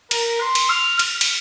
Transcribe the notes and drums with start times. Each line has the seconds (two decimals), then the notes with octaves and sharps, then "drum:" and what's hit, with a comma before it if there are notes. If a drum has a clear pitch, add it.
0.11 A#4, drum: cymbal
0.40 C6
0.55 drum: cymbal
0.70 F6
0.99 F6, drum: cymbal
1.21 drum: cymbal